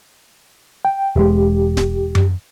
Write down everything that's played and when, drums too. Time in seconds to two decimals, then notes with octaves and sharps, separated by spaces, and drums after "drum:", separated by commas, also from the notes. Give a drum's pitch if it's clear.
0.85 G5
1.16 E1 G#3 G4
1.77 drum: snare D1
2.15 drum: tom F#2